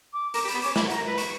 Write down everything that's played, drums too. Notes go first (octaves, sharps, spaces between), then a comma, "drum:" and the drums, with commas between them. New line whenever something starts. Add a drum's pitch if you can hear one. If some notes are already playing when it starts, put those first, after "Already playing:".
D6
A#4 D6, drum: hi-hat
G4
B5, drum: hi-hat
B3
C#4 D6, drum: hi-hat
E4 B5, drum: snare
F#4
A#5, drum: hi-hat
A#4
B4 B5
C#6, drum: hi-hat